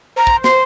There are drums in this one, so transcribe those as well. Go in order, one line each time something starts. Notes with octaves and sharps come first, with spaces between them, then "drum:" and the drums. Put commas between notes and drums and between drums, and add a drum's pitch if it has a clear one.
C5 A#5
drum: kick
C6, drum: snare